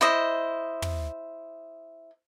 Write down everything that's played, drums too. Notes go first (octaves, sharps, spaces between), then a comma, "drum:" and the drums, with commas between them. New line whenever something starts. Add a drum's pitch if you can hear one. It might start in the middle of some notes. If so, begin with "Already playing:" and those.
E4 C5 D#5
drum: tom